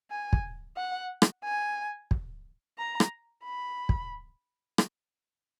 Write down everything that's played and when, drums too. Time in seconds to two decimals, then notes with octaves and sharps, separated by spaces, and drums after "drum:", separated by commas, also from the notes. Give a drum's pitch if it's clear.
0.10 G#5
0.33 drum: kick
0.77 F#5
1.22 drum: rim click
1.44 G#5
2.11 drum: kick
2.78 A#5
3.00 drum: rim click
3.44 B5
3.89 drum: kick
4.78 drum: rim click